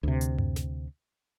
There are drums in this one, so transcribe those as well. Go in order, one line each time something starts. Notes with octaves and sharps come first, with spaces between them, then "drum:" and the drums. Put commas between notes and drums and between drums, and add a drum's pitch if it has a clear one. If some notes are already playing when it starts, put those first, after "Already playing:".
D2 C3
drum: hi-hat
drum: tom F#2
drum: snare